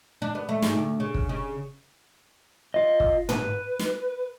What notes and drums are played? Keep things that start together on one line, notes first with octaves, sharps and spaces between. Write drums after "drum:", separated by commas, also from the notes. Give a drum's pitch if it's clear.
D4
B3
A3
G#2, drum: snare
D2
C#3
drum: kick
C#3
F4 D#5
drum: kick
B4, drum: tom
drum: snare